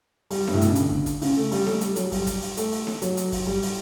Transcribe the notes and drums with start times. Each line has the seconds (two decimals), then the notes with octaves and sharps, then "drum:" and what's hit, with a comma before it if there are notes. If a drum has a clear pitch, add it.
0.30 G3, drum: open hi-hat
0.47 G2, drum: snare D#4
0.54 A2
0.61 B2, drum: hi-hat
0.69 C#3
0.75 D3, drum: hi-hat
0.91 drum: kick
1.06 drum: kick, hi-hat
1.22 C#3, drum: open hi-hat
1.37 A3
1.51 G3, drum: open hi-hat
1.67 A3, drum: snare D#4
1.81 G3, drum: hi-hat
1.96 F#3, drum: hi-hat
2.12 G3, drum: kick, open hi-hat
2.27 drum: kick, hi-hat
2.42 drum: open hi-hat
2.57 A3, drum: hi-hat
2.72 drum: open hi-hat
2.87 drum: snare D#4
3.02 F#3, drum: hi-hat
3.17 drum: hi-hat
3.32 drum: kick, open hi-hat
3.47 G3, drum: kick
3.62 drum: open hi-hat